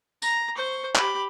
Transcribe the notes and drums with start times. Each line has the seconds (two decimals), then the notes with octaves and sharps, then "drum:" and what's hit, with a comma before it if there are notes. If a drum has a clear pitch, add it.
0.22 A#5, drum: tambourine
0.56 C5 C#6
0.95 G4 B5, drum: clap